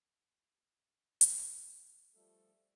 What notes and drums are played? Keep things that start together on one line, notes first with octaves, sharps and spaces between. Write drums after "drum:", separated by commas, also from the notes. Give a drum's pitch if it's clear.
drum: hi-hat
F3 G3 A3 A4